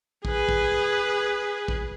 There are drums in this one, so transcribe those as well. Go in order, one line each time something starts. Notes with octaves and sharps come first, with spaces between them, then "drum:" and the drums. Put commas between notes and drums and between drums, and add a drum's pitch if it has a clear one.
G#4 B4, drum: kick A#1
drum: kick A#1
drum: kick A#1